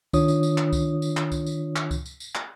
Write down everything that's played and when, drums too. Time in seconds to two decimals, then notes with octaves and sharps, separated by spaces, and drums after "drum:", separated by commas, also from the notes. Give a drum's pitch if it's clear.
0.13 D#3 D4 F4 C#5 D#6, drum: kick C#2, tambourine
0.28 drum: tambourine
0.43 drum: tambourine
0.58 drum: clap
0.73 drum: kick C#2, tambourine
1.02 drum: tambourine
1.17 drum: clap
1.32 drum: kick C#2, tambourine
1.46 drum: tambourine
1.76 drum: clap
1.91 drum: kick C#2, tambourine
2.06 drum: tambourine
2.20 drum: tambourine
2.35 drum: clap